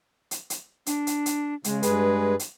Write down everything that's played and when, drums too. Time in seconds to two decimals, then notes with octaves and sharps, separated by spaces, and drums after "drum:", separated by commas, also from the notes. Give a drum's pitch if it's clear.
0.31 drum: hi-hat
0.50 drum: hi-hat
0.86 D4, drum: hi-hat
1.07 drum: hi-hat
1.26 drum: hi-hat
1.64 C#3 G#3, drum: hi-hat
1.83 G2 G#4 B4, drum: hi-hat
2.39 drum: hi-hat